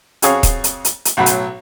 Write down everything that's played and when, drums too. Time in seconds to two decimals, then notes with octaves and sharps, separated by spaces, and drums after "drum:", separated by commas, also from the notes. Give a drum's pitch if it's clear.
0.22 F2 F#4 G#4 C#5 F5 D#6, drum: hi-hat
0.43 drum: kick D#1, hi-hat
0.64 drum: hi-hat
0.85 drum: hi-hat
1.05 drum: hi-hat
1.17 B1 A2 F#3 F#5 B5
1.26 drum: hi-hat